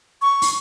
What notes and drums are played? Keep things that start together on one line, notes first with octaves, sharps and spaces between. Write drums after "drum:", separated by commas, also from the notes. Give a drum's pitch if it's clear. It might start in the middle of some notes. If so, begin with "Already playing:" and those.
C#6
drum: open hi-hat